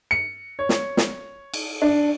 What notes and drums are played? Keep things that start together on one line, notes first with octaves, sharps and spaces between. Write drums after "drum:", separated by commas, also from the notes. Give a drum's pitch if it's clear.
C#7
C#5
drum: snare
drum: snare
drum: cymbal
D4